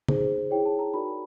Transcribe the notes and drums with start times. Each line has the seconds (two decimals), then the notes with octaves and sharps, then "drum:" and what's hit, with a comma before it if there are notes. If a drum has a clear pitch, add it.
0.08 D#4 G#4 C5, drum: tom
0.50 E4 G#4 C#5 G5
0.66 A5
0.79 A#5
0.94 D#4 F#4 A#4 D5 B5